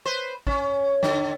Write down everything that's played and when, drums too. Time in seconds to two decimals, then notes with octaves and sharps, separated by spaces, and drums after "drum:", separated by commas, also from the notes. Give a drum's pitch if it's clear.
0.06 B4 C5
0.47 C#4, drum: kick
1.03 D3, drum: snare